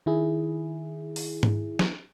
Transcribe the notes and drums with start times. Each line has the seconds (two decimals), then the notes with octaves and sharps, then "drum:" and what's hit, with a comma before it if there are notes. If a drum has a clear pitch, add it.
0.06 D#3 E4 G#4
1.16 drum: open hi-hat
1.43 drum: tom G#2
1.79 drum: snare